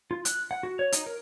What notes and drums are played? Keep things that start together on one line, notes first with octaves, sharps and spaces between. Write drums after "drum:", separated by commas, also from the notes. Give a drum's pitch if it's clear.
F4
F#6, drum: hi-hat
F#5
F#4
C#5
D#4, drum: hi-hat
A#4